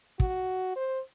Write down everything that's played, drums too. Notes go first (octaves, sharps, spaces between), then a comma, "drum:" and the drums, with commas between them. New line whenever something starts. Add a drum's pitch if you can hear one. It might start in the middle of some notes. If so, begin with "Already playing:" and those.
F#4, drum: kick
C5